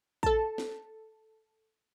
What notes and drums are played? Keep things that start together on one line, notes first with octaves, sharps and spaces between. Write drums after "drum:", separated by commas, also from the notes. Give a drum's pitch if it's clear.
A4 A5, drum: kick
drum: snare